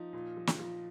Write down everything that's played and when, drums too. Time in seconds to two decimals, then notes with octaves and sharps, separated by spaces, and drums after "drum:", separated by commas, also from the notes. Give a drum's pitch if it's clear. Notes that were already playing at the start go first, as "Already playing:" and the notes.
Already playing: F3 D#4
0.13 A#2
0.37 F3
0.47 drum: snare
0.59 F3